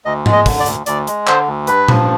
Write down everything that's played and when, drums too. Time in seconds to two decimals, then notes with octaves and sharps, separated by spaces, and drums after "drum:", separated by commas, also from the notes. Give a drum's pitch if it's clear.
0.05 D2 D#5
0.26 G#3, drum: tom G#2
0.32 D#5
0.46 D3, drum: kick, open hi-hat
0.60 D5
0.66 D2, drum: hi-hat
0.86 D2 D5, drum: hi-hat
1.07 G#3, drum: hi-hat
1.27 D3 C5, drum: clap
1.47 D2
1.67 G2 B4, drum: hi-hat
1.88 F3, drum: tom A#2